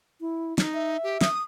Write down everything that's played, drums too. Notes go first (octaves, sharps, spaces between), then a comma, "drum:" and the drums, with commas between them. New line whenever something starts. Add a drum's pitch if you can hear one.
E4
D#4, drum: snare
E5
G4
D#6, drum: snare